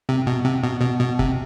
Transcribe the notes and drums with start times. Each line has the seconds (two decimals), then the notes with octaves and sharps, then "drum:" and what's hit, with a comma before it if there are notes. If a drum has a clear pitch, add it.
0.09 C3
0.27 B2
0.45 C3
0.63 B2
0.81 B2
1.01 B2
1.19 C3, drum: kick E1